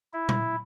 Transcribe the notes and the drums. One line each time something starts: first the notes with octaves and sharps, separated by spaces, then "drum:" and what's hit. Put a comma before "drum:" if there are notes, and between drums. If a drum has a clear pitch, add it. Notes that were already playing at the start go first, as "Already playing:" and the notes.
E4
drum: tom A#2